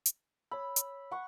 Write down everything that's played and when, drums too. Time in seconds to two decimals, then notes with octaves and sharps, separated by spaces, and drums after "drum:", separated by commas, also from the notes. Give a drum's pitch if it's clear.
0.06 drum: hi-hat
0.51 C#5 B5 E6
0.76 drum: hi-hat
1.11 F#5 C#6